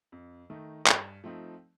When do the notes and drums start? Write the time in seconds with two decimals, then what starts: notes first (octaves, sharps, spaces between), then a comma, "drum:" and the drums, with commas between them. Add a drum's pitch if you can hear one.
0.12 F2
0.50 D#3 A3 D#4
0.87 G2, drum: clap
1.24 F3 A3 C4 D#4